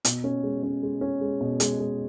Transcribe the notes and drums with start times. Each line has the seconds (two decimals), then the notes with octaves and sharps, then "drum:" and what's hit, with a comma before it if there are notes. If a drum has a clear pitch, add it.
0.05 B2, drum: hi-hat
0.24 C#4
0.43 G#3
0.63 C#4
0.83 G#3
1.01 C#4
1.21 G#3
1.41 B2
1.60 G#3, drum: hi-hat
1.80 G#3